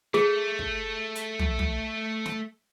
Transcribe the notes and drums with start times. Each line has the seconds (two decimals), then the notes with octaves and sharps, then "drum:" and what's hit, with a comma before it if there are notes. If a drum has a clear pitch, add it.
0.14 A3 G#4, drum: snare
0.59 drum: kick
1.15 drum: hi-hat
1.39 drum: tom
1.59 drum: tom
2.26 drum: snare